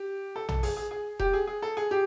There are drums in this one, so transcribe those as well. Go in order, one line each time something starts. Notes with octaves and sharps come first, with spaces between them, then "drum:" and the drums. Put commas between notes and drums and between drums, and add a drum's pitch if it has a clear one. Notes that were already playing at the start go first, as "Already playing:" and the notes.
Already playing: G4
A4
A4, drum: tom
G#4, drum: open hi-hat
G#4
G#4
G4, drum: kick E1
G#4
G#4
A4
G#4
G4